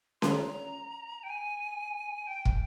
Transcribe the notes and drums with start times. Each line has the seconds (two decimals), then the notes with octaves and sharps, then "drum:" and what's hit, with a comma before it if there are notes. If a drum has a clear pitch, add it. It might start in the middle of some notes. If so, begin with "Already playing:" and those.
0.22 C6, drum: snare C#4
0.31 A#5
1.23 G5
1.30 G#5
2.27 G5
2.45 drum: kick